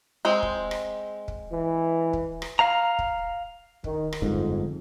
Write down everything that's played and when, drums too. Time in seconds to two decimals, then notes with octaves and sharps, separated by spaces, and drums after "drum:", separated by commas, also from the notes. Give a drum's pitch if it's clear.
0.25 G#3 C4
0.43 drum: kick
0.71 drum: rim click
1.28 drum: kick
1.52 E3
2.13 drum: kick
2.42 drum: rim click
2.59 F5 A#5
2.99 drum: kick
3.84 D#3, drum: kick
4.13 drum: rim click
4.22 G1 F2 G#2